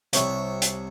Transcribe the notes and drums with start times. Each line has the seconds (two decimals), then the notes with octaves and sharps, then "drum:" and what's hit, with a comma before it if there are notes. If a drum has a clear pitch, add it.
0.13 C2 C#5 E5, drum: hi-hat
0.62 drum: hi-hat